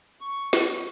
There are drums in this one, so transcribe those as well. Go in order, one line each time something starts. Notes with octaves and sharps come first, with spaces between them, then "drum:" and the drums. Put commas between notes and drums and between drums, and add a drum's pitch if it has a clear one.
C#6
drum: snare